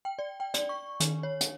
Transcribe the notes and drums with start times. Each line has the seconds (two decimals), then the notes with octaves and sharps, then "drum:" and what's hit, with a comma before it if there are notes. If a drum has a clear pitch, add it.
0.05 G5
0.19 D5
0.40 G5
0.54 D5, drum: hi-hat
0.69 C#6
1.00 D#3, drum: hi-hat
1.23 C#5
1.41 drum: hi-hat